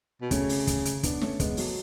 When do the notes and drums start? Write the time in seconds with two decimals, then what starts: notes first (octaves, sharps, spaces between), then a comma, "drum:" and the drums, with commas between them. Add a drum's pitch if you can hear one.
0.22 B2
0.31 C#3 A3 C#4, drum: kick, hi-hat
0.49 drum: open hi-hat
0.67 drum: kick, hi-hat
0.85 drum: hi-hat
1.03 B3 D4, drum: kick, hi-hat
1.21 A3 C#4, drum: snare
1.40 G#3 B3, drum: kick, hi-hat
1.57 F#3 A3, drum: open hi-hat